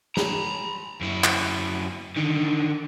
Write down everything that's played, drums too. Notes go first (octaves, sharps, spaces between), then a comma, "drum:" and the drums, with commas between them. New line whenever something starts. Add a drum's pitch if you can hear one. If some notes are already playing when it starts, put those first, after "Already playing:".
A#5 B5, drum: snare
F#2 E4
drum: clap
D3 D#3